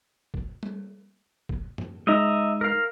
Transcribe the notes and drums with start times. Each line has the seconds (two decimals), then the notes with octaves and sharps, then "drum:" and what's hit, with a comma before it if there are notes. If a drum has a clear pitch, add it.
0.34 drum: kick
0.63 drum: tom G3
1.49 drum: kick
1.78 drum: tom
2.07 G#3 D#4 D#5 E5 A#5
2.61 A#4 F5